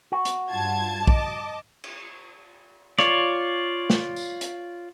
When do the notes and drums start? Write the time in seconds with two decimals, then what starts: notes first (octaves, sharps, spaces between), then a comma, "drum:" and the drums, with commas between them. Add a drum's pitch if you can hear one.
0.12 F#4
0.25 drum: hi-hat
0.51 G2 F4 A5 G#6
1.07 D#5 D6, drum: kick
1.84 drum: cymbal
2.99 F4 C#5 D5, drum: rim click
3.90 drum: snare
4.16 drum: tambourine
4.41 drum: hi-hat